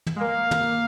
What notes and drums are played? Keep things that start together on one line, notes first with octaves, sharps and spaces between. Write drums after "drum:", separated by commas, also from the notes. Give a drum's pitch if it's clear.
drum: tom
G#3
A#3 F5
drum: tom